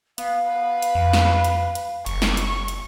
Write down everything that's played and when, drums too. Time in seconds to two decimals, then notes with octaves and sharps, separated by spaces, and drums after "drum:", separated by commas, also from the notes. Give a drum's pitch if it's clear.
0.18 B3 F5, drum: hi-hat
0.48 B4
0.82 drum: hi-hat
0.95 F2
1.13 drum: snare
1.44 drum: hi-hat
1.75 drum: hi-hat
2.06 F#1 C#6, drum: hi-hat
2.22 drum: snare
2.37 drum: hi-hat
2.68 drum: hi-hat